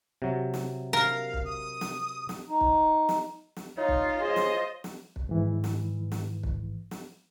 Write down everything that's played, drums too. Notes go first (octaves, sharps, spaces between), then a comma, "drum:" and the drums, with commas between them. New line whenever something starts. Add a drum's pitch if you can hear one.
C3 F#3
drum: snare
A#4 F5
drum: kick
D#6
drum: snare
drum: snare
D#4
drum: kick
drum: snare
drum: snare
D#4 F4 C#5
drum: kick
G#4 C5 D#5
drum: snare
drum: snare
drum: kick
G#2 E3
drum: snare
drum: snare
drum: kick
drum: snare